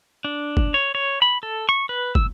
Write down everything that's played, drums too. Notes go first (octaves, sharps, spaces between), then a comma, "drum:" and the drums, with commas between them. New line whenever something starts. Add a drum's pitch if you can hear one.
D4
drum: kick
C#5
C#5
B5
A4
C#6
B4
E6, drum: kick